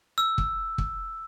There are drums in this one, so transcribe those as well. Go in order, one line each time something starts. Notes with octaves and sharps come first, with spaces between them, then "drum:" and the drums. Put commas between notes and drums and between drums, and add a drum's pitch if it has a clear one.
E6
drum: kick
drum: kick